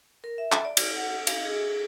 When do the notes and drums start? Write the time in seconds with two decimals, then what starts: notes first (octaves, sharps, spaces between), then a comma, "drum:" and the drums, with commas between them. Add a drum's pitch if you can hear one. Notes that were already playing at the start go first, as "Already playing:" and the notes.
0.24 A#4
0.38 E5
0.52 drum: clap
0.65 D5
0.77 drum: cymbal
0.96 F#5
1.27 F5, drum: cymbal
1.45 G#4